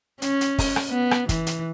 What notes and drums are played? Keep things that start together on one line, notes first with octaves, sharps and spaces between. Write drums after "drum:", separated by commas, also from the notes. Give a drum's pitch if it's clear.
C#4, drum: hi-hat
drum: hi-hat
drum: kick, open hi-hat
drum: rim click
B3
drum: rim click
E3, drum: kick, hi-hat
drum: hi-hat